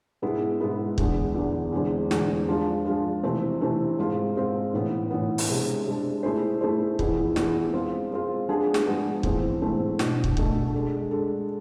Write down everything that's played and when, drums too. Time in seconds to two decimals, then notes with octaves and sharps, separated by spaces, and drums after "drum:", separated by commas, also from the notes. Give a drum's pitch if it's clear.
0.22 G#2 G#3 B3 E4
0.60 G#2 G#3 B3 E4
0.98 E2 D3 G#3 B3, drum: kick
1.35 E2 D3 G#3 B3
1.72 E2 D3 G#3 C4
2.11 E2 D3 G#3 C4, drum: snare
2.48 F3 G#3 D4 F4 G#4
2.85 F3 G#3 D4 F4 G#4
3.23 C3 E3 A3 C4
3.61 C3 E3 A3 C4
3.98 G#2 G#3 C4 F4
4.36 G#2 G#3 C4 F4
4.73 A2 E3 B3
5.11 A2 E3 B3
5.38 drum: open hi-hat
5.49 C3 G#3 D4
5.85 C3 G#3 D4
6.23 A3 E4 G#4 C5
6.61 A3 E4 G#4 C5
6.99 F2 E3 B3 E4 G#4, drum: kick
7.36 F2 E3 B3 E4 G#4, drum: snare
7.73 G#3 C4 F4
8.11 G#3 C4 F4
8.49 F3 G#3 B3 D4 G#4
8.74 drum: snare
8.86 F3 G#3 B3 D4 G#4
9.23 G#2 E3 A3 C4, drum: kick
9.62 G#2 E3 A3 C4
9.99 B2 A3 D4, drum: snare
10.24 drum: kick
10.37 B2 A3 D4, drum: kick
10.74 G#3 D4 A4
11.11 G#3 D4 A4